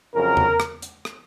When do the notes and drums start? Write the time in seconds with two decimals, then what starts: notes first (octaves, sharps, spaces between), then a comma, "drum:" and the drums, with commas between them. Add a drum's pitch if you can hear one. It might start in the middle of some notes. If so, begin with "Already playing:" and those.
0.15 F2 C#3 F#3 A#4
0.37 drum: tom
0.60 drum: rim click
0.82 drum: hi-hat
1.05 drum: rim click